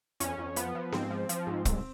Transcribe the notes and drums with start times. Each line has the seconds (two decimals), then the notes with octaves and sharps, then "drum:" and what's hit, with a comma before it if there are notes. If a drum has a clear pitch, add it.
0.20 F2 C#4, drum: hi-hat
0.38 F2
0.56 F3 B3, drum: hi-hat
0.75 F3
0.92 G#2 C4, drum: snare B3
1.11 F3
1.29 F3, drum: hi-hat
1.47 G#2
1.65 C2, drum: kick, hi-hat